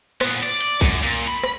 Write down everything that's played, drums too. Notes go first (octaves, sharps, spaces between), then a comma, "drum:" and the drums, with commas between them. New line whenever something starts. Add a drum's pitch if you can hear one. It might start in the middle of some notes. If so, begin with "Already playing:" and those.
A#2 B3, drum: rim click
D5
drum: hi-hat
F#2, drum: kick B1
A#2, drum: hi-hat
B5
drum: rim click